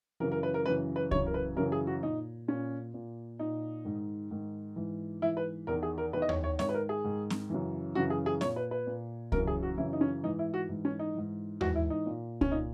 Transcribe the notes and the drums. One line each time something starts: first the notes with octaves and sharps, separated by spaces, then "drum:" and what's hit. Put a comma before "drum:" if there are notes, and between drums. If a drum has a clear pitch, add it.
F#2 C#3 E3 A#4
A#4
B4
A#4
F#2 C#3 E3 B4
B4
F#2 C#3 E3 C#5, drum: kick C2
A#4
B4
F#2 C#3 E3 A#4
G#4
F#4
A#2 D#4
A#2 C#4
A#2
A#2 D#4
G#2 D#3
G#2 D#3
G#2 E3
G#2 E3 E4
B4
E2 D#3 A#4
G#4
A#4
E2 D#3 B4
D#5
C#5, drum: tom D#2
C#5
G#2 D#3 C#5, drum: snare C4
B4
A#4
G#4
G#2 D#3
drum: snare C4
F#2 C#3 E3
F#2 C#3 E3 F#4
G#4
G#4
A#2 C#5, drum: snare C4
B4
B4
A#2
F#2 C#3 E3 A#4, drum: kick C2
G#4
F#4
F#2 C#3 E3 E4
D#4
C#4
G#2 E3 D#4
E4
F#4
G#2 E3
C#4
D#4
G#2 E3
G#2 E3 F#4, drum: tom D#2
E4
D#4
A#2
C#4, drum: kick C2
A#2 D#4